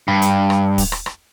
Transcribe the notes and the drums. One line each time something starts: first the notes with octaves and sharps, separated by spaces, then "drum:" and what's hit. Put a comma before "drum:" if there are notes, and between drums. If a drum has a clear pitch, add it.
G2
drum: hi-hat
drum: rim click
drum: kick, open hi-hat
drum: rim click
drum: rim click